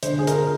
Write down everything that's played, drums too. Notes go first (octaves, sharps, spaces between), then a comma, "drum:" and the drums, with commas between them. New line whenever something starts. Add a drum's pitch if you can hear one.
D3 C5, drum: hi-hat
G#4
A#4, drum: hi-hat